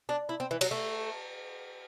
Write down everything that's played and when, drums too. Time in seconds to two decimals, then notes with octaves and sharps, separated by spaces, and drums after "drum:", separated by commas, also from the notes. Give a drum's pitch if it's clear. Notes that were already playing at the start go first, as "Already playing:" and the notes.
0.09 D4
0.29 E4
0.40 C4
0.51 E3
0.61 F#3, drum: cymbal
0.71 A3